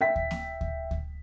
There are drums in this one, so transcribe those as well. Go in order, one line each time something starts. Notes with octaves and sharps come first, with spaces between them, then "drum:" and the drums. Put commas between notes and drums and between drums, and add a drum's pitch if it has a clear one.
E5 G5 B6
drum: kick D2
drum: snare A#3
drum: kick D2
drum: kick D2